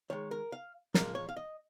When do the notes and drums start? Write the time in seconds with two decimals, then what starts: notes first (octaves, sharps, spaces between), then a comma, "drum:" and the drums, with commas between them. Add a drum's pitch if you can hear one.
0.10 D#3 G#3 C#5
0.31 A#4
0.52 F5
0.94 A#2 F3 G#3 A#4, drum: snare
1.15 C#5
1.29 F5
1.37 D#5